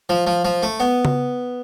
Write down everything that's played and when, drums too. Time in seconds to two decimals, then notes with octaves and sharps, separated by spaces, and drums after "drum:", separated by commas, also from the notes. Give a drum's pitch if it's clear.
0.09 F3
0.27 F3
0.45 F3
0.63 A3
0.80 B3
1.05 drum: tom C#3